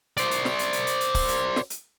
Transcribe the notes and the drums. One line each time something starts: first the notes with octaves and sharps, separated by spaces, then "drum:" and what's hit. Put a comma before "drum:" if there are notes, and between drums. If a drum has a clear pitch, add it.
C5 D5, drum: hi-hat
drum: hi-hat
drum: snare
drum: hi-hat
drum: hi-hat
drum: hi-hat
drum: hi-hat
drum: kick, open hi-hat
drum: hi-hat
drum: snare
drum: hi-hat